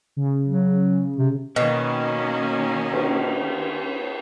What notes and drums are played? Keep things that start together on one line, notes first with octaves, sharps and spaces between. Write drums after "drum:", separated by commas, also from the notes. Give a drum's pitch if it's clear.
C#3
F#3
C3
B2 D#3 A#3 C#4
drum: cymbal